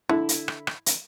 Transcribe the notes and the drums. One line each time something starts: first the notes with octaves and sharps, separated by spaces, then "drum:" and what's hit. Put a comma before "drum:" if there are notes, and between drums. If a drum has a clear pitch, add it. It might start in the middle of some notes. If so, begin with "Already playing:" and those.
D3 E4
drum: hi-hat
drum: rim click
drum: rim click
drum: hi-hat